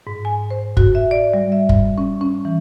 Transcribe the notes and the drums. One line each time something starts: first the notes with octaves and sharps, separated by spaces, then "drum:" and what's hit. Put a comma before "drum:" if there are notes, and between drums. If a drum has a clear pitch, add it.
G#2
G#5
C5
F#4, drum: kick F#1
E5
D5
G3
E5
drum: kick F#1
C#4
C#4
E3